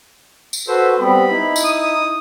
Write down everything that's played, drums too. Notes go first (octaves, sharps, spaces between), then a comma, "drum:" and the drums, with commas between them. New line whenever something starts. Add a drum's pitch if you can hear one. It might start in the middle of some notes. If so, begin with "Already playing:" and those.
drum: tambourine
F#4 A4 B4 C5
G3 B3 C4 B5
D#4 E4
drum: tambourine
D#6